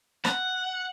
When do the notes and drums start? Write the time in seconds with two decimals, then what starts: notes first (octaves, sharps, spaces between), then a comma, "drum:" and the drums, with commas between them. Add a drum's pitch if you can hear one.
0.25 F#5, drum: rim click